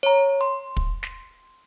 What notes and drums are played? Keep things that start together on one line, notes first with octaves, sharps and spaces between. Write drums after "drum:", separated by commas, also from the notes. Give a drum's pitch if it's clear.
C#5 A#5
C6
drum: kick
drum: snare